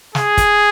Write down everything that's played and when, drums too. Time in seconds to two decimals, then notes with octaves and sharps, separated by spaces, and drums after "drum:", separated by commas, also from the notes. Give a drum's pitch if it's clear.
0.15 G#4, drum: snare
0.37 drum: kick, hi-hat